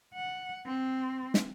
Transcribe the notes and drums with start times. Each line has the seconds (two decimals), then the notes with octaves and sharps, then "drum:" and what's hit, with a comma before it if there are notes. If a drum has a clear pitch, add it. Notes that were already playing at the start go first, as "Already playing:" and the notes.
0.14 F#5
0.66 C4
1.34 drum: snare